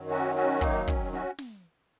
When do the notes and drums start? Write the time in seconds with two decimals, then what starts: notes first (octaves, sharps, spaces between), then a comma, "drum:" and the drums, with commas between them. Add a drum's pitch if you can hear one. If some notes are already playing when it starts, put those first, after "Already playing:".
Already playing: F#2 D#3 F#3
0.10 C#4 F#4
0.36 C#4 F#4
0.61 A#3 D#4, drum: kick
0.87 C#4, drum: kick
1.13 C#4 F#4
1.38 drum: snare